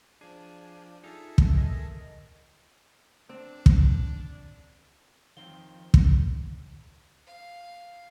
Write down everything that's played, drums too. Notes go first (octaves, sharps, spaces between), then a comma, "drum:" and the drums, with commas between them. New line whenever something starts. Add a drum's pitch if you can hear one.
F3 D4 G#4
D#4 F4 G#4 A4 E5
drum: kick
A#4 D#5
C4 D4
drum: kick
F2 D#3 F3 C4 F5 G7
drum: kick
F5